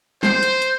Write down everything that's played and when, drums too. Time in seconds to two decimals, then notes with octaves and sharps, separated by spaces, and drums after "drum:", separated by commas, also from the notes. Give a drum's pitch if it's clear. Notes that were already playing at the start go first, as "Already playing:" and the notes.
0.23 C5, drum: snare
0.43 drum: hi-hat
0.62 drum: hi-hat